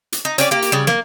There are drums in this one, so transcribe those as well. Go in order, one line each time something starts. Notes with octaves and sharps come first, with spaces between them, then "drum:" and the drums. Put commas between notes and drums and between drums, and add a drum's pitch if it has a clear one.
drum: hi-hat
D#4
C#4 G4 D5, drum: hi-hat
A#3 G4
drum: hi-hat
C#3 G3
A#3, drum: snare